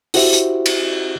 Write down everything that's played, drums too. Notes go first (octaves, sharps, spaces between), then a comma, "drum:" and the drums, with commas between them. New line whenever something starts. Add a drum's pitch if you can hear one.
E4 F#4 G4 C5 E5, drum: open hi-hat
drum: hi-hat
drum: cymbal